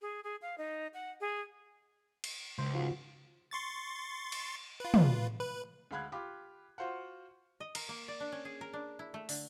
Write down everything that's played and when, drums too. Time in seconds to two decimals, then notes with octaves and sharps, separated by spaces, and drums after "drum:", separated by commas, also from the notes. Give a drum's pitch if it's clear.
0.02 G#4
0.24 G#4
0.42 F5
0.58 D#4
0.94 F#5
1.21 G#4
2.24 drum: cymbal
2.59 C#2 C5
2.73 G#2 F3 F#4
3.51 C6 C#6 A6
4.32 drum: cymbal
4.80 F4 B4
4.94 drum: tom
5.40 B4
5.91 D2 G#3 F5 B5 F#6 G#6
6.12 F4 G4 B5 D6
6.78 F4 F#4 C5 F5 F#5
7.60 D#5
7.75 A#4, drum: cymbal
7.89 A#3
8.08 D5
8.20 D4
8.32 C#4
8.45 G#4
8.61 A#4
8.73 D4
8.99 E4
9.14 A3
9.29 D3, drum: open hi-hat